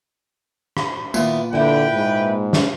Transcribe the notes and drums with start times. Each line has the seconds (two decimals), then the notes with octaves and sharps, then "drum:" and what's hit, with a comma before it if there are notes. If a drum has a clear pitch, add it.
0.77 drum: rim click
1.14 A#2 D#3 B3 E4, drum: tambourine
1.53 D3 A#3 E4 B4 G5
1.94 G#2
2.53 drum: snare